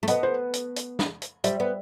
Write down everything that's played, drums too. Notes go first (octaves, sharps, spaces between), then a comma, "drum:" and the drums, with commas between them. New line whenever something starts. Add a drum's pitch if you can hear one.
A3
B3 B4 D#5, drum: hi-hat
C5
drum: hi-hat
drum: hi-hat
drum: snare
drum: hi-hat
G3 C5 E5, drum: hi-hat
B3